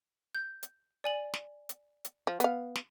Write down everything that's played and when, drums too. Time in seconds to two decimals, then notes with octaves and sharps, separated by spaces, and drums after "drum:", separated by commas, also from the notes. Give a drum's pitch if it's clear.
0.35 G6
0.63 drum: hi-hat
1.04 D5 G#5 F#7
1.34 drum: snare
1.69 drum: hi-hat
2.05 drum: hi-hat
2.27 F3
2.40 B3 F5, drum: hi-hat
2.75 drum: snare